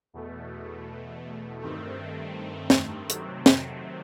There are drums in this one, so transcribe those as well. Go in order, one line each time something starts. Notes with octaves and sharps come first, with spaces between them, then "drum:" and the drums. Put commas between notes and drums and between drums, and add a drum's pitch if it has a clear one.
E2 B2 A3
G2 D#3 A3 C4
drum: snare
C3 D#3 F#3 A3 C4, drum: hi-hat
drum: snare